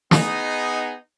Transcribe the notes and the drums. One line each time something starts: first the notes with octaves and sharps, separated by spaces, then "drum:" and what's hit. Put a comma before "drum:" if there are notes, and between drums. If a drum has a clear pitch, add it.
B3 D#4 G#4, drum: snare